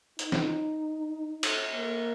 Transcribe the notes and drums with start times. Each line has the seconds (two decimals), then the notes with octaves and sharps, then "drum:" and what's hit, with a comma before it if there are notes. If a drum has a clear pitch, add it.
0.19 D#4, drum: hi-hat
0.32 drum: snare
1.43 drum: cymbal
1.75 A#3